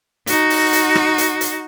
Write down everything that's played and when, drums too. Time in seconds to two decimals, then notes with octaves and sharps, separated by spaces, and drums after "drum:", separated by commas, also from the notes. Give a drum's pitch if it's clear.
0.27 D#4 F#4, drum: hi-hat
0.50 drum: open hi-hat
0.73 drum: hi-hat
0.95 drum: rim click
1.18 drum: hi-hat
1.41 drum: hi-hat